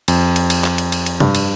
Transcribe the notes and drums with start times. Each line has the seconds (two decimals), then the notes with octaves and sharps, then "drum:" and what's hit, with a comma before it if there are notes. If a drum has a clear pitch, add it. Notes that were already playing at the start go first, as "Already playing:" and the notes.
0.08 F2, drum: cymbal
0.36 drum: cymbal
0.50 drum: cymbal
0.64 drum: clap
0.78 drum: cymbal
0.92 drum: cymbal
1.06 drum: cymbal
1.20 G2, drum: tom C3
1.35 drum: cymbal